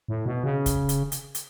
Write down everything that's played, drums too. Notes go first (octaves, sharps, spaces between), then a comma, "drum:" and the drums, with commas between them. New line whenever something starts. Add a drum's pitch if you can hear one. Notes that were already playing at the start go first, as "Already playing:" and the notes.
A2
B2
C#3
drum: kick, hi-hat
drum: hi-hat
drum: hi-hat
drum: hi-hat